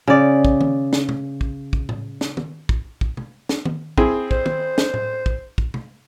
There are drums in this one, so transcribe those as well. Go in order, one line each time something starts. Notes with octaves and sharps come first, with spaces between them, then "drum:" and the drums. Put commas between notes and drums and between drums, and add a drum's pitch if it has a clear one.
C#3 D5
drum: kick
drum: tom
drum: snare
drum: tom C3
drum: kick
drum: kick
drum: tom A2
drum: snare
drum: tom
drum: kick
drum: kick
drum: tom C3
drum: snare
drum: tom
C4 E4 G#4, drum: kick
C5, drum: kick
drum: tom
drum: snare
drum: tom A2
drum: kick
drum: kick
drum: tom C3